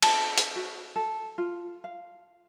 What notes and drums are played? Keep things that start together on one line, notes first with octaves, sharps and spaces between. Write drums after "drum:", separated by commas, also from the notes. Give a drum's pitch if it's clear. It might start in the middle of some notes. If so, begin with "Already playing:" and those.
A5, drum: cymbal
drum: hi-hat
F#4
A4
F4
F5